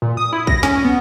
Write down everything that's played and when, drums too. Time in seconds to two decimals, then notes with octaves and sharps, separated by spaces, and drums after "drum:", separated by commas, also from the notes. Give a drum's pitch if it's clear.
0.02 A#2
0.17 D#6
0.33 E4
0.47 A#6, drum: kick
0.63 C#4, drum: snare
0.85 B3